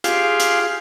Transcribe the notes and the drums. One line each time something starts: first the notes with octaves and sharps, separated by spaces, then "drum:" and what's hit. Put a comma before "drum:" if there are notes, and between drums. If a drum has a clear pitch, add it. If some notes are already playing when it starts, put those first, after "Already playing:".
F4 G4 G#4 F5, drum: hi-hat
drum: hi-hat